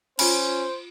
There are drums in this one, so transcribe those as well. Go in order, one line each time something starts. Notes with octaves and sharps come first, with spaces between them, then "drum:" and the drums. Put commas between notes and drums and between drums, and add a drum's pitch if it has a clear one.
C#4 F4 C5 B5, drum: cymbal